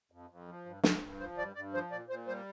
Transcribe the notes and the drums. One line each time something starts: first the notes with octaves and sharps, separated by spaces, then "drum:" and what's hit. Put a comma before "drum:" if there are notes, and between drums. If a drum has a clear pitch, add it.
F2
F2
F3
G2
G2, drum: snare
G2
F3 C5
G2 D5
G2 D5
F3 C5
A#2 D5
A#2 C5
G3 C5